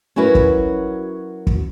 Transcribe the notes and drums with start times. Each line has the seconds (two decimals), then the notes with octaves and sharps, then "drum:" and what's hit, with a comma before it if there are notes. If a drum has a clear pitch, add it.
0.16 F#3 C#4 E4 F#4 A#4 B4
0.35 drum: kick
1.47 drum: kick